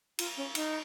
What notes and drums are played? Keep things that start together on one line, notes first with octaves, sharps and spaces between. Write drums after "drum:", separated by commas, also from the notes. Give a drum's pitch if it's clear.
F4, drum: cymbal
C#4
D#4, drum: cymbal